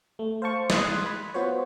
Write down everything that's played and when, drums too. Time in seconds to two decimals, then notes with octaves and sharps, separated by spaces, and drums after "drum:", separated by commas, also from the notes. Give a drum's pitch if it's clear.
0.19 A3
0.42 C5 F5 A5 C#6
0.70 C6 D#6 F#6 G#6 A6, drum: snare
1.06 B5
1.34 B3 F4 F#4 C5 C#5